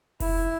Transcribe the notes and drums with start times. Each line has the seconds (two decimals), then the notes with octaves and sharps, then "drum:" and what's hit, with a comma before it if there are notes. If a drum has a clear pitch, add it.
0.20 E4, drum: kick F1, open hi-hat